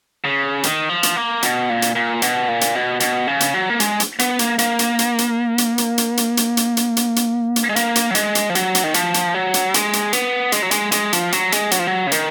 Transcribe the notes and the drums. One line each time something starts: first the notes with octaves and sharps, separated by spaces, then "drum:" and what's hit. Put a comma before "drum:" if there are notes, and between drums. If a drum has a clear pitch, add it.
C#3
D#3, drum: hi-hat
F3
drum: hi-hat
A#3
B2, drum: hi-hat
A#2
drum: hi-hat
A#2
B2, drum: hi-hat
A#2
drum: hi-hat
B2
B2, drum: hi-hat
C#3
drum: hi-hat
F#3
A#3
G#3, drum: hi-hat
drum: hi-hat
B3, drum: hi-hat
A#3, drum: hi-hat
A#3, drum: hi-hat
drum: hi-hat
drum: hi-hat
drum: hi-hat
drum: hi-hat
drum: hi-hat
drum: hi-hat
drum: hi-hat
drum: hi-hat
drum: hi-hat
drum: hi-hat
drum: hi-hat
drum: hi-hat
drum: hi-hat
G#3
A#3, drum: hi-hat
drum: hi-hat
F#3
G#3, drum: hi-hat
drum: hi-hat
F3
F#3, drum: hi-hat
drum: hi-hat
D#3
F3, drum: hi-hat
drum: hi-hat
F#3
drum: hi-hat
G#3, drum: hi-hat
drum: hi-hat
B3, drum: hi-hat
G#3, drum: hi-hat
F#3
G#3, drum: hi-hat
G#3, drum: hi-hat
F3, drum: hi-hat
F#3, drum: hi-hat
G#3, drum: hi-hat
F#3, drum: hi-hat
F3
F#3
C#3
D#3, drum: hi-hat